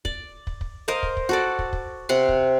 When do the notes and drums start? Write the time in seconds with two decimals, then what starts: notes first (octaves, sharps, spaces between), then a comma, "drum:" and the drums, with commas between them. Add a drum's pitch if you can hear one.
0.05 D5, drum: kick
0.47 drum: kick
0.61 drum: kick
0.88 A#4 C5 D#5 F5
1.03 drum: kick
1.17 drum: kick
1.29 F#4 A4 D5
1.59 drum: kick
1.73 drum: kick
2.09 C3 F#5 C6
2.29 drum: kick